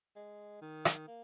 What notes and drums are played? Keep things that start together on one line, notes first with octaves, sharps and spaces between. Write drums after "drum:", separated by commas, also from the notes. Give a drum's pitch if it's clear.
G#3
D#3
drum: rim click
A#3